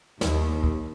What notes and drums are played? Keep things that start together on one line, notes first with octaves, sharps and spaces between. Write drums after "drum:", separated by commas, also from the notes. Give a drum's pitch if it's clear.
D#2, drum: snare
drum: kick